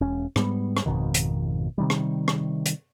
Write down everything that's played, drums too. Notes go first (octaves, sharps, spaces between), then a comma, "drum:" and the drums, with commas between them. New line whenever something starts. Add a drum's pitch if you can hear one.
E1 C#4
G#2 G3 B3, drum: rim click
drum: rim click
G#1 F2 B2 D#3
drum: hi-hat
C3 D#3 G3
drum: rim click
drum: rim click
drum: hi-hat